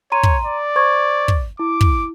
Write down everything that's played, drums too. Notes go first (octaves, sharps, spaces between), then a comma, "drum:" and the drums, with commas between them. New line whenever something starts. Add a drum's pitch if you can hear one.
C#5 A#5 C6 D#7
drum: kick
D5
C5 C#6 G#6
drum: kick
E4 D6
drum: kick